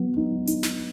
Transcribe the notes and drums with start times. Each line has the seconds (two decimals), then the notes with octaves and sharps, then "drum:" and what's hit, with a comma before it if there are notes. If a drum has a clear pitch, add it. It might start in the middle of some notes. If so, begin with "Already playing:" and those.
Already playing: F#3 B3
0.17 D#4
0.47 D#4, drum: hi-hat
0.63 drum: snare